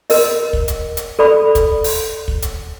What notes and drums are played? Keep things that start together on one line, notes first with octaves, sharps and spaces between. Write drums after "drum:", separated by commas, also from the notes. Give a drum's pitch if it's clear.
A#4 D#5, drum: open hi-hat
drum: kick
drum: hi-hat
drum: hi-hat
A4 D5 B5
drum: kick, hi-hat
drum: open hi-hat
drum: kick
drum: hi-hat